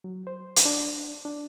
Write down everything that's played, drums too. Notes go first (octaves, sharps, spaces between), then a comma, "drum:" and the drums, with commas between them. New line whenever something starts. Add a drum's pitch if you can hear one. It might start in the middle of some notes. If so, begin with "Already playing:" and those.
F#3
C5
drum: hi-hat
D4
D4